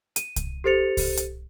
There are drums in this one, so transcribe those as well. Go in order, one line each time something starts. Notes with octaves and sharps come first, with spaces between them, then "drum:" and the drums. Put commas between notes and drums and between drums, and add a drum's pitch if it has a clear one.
D#7, drum: hi-hat
drum: kick C2, hi-hat
G4 A4 C5 A6 C#7 F7
drum: kick C2, open hi-hat
drum: hi-hat